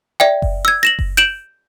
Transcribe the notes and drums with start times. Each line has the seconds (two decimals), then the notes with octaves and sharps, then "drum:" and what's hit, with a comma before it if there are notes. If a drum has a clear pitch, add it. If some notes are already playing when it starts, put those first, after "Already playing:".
0.20 D5 E5 G5
0.42 drum: kick F#1
0.65 E6 G#6
0.83 A#6 E7 F#7
0.99 drum: kick F#1
1.17 G6 D7 E7 F#7